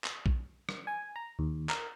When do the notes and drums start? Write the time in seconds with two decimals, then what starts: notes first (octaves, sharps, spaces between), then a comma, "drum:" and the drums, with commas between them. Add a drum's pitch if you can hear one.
0.04 drum: clap
0.26 drum: kick A#1
0.69 drum: rim click
0.87 G#5
1.16 A#5
1.39 D#2
1.69 A#4, drum: clap